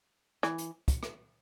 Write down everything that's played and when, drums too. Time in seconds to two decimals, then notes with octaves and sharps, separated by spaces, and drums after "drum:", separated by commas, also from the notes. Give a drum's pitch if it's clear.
0.43 E3, drum: rim click
0.58 drum: hi-hat
0.88 drum: kick, hi-hat
1.03 drum: rim click